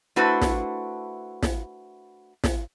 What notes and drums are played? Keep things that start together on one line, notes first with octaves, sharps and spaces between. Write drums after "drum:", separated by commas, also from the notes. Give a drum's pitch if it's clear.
A3 D4 E4 F#4 B4 C5
drum: snare
drum: snare
drum: snare